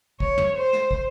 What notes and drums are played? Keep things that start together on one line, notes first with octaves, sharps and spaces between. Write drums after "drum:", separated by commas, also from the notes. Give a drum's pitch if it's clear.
C#5, drum: kick
drum: tom
C5
drum: snare
drum: kick